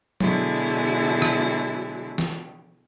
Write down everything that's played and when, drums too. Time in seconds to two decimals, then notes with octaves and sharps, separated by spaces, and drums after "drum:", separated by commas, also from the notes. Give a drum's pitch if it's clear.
0.21 B2 D3 F#3 G#3 E4, drum: tom F#3
1.22 drum: rim click
2.18 drum: snare